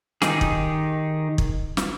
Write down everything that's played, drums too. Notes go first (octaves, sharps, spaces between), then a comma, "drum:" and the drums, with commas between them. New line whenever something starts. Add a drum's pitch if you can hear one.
D#3 D#4 G4 G#4, drum: snare
drum: kick
drum: kick
drum: snare